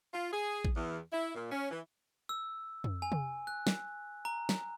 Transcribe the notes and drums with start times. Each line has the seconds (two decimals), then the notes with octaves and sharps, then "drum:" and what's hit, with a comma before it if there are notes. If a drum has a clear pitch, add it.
0.14 F4
0.32 G#4
0.65 drum: kick A1
0.75 E2
1.13 E4
1.35 A#2
1.52 C#4
1.71 E3
2.29 E6
2.84 drum: tom F2
3.02 G#5
3.12 drum: tom C3
3.47 F#6
3.67 drum: snare
4.25 A#5
4.49 drum: snare